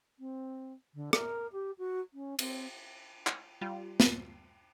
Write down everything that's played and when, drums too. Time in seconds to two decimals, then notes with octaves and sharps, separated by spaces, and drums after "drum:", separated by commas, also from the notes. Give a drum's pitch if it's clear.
0.19 C4
0.94 D3
1.13 A#4, drum: rim click
1.52 G4
1.78 F#4
2.13 C#4
2.39 C4, drum: cymbal
3.27 drum: clap
3.61 G3 F4
4.00 drum: snare